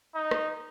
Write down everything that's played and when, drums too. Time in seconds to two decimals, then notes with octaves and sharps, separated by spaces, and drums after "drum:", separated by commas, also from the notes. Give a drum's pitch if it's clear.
0.15 D#4
0.31 drum: rim click